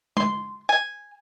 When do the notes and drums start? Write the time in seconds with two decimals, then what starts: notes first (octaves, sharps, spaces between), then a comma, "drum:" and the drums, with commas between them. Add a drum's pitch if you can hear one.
0.17 C6, drum: tom G#3
0.69 G#5